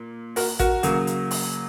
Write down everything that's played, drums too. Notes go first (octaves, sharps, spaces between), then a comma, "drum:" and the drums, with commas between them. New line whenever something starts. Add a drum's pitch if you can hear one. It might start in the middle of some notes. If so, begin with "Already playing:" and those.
Already playing: A#2
F#4 A#4, drum: open hi-hat
F#4 A#4, drum: kick A1, hi-hat
C#3 F#3 A#3, drum: hi-hat
drum: hi-hat
drum: open hi-hat